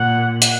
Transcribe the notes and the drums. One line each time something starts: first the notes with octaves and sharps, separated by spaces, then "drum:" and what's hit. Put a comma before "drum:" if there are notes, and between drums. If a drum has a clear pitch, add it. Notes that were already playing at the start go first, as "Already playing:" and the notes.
Already playing: A#2 F#5
F#5, drum: hi-hat